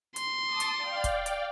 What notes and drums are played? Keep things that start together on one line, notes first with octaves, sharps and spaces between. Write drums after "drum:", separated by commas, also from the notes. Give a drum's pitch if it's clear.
C6, drum: hi-hat
A5 D6 D#6
drum: hi-hat
D5 F5 G5
drum: kick, hi-hat
drum: hi-hat